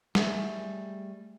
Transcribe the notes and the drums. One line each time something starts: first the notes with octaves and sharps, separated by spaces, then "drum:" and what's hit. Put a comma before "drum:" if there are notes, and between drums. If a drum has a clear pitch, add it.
G3 A3 G#4 E5, drum: snare